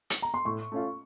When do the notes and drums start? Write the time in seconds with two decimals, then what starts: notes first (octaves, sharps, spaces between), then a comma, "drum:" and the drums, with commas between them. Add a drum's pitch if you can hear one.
0.10 drum: hi-hat
0.22 A#5
0.34 C6
0.45 A2 C#6
0.72 A3 C#4 F4